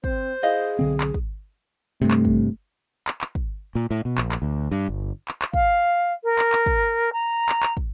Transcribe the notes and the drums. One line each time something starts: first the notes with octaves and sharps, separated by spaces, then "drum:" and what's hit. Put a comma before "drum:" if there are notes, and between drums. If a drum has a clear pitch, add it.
C4 C5, drum: kick
E4 G#4 D#5 F5
B1 D3 C4
drum: clap
drum: kick
G2 C3 A3
drum: clap
drum: kick
drum: clap
drum: clap
drum: kick
A#2
A2
B2
A#1, drum: clap
drum: clap
D2
G2
G1
drum: clap
drum: clap
F5, drum: kick
A#4
drum: clap
drum: clap
drum: kick
A#5
drum: clap
drum: clap
drum: kick